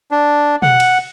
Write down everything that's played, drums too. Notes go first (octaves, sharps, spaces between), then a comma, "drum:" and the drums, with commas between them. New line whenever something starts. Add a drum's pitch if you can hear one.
D4
F#5, drum: tom B2
drum: cymbal